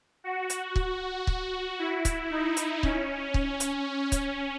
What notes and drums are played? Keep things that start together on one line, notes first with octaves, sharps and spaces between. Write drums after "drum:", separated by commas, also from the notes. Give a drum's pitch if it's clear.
F#4
drum: hi-hat
drum: kick C#1
drum: kick C#1
E4
drum: kick C#1, hi-hat
D#4
drum: hi-hat
C#4, drum: kick C#1
drum: kick C#1
drum: hi-hat
drum: kick C#1, hi-hat